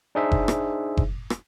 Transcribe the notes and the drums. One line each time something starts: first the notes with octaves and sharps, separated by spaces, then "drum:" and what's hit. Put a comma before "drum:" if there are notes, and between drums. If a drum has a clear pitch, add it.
D4 D#4 G#4 C5 E5
drum: kick F#1
drum: rim click
drum: kick F#1
drum: rim click